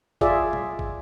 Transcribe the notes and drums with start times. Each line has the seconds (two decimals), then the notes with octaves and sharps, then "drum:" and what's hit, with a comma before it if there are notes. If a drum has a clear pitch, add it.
0.21 F4 G#4 D5 E5, drum: kick
0.53 drum: tom
0.79 drum: kick